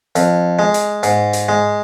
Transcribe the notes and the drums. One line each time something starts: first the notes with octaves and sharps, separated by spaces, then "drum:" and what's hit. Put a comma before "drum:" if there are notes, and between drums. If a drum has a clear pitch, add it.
F2, drum: hi-hat
G#3
drum: hi-hat
G#2, drum: hi-hat
drum: hi-hat
G#3